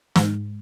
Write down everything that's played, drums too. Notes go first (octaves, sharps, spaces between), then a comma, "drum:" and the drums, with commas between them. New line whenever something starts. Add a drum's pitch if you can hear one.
G#2, drum: snare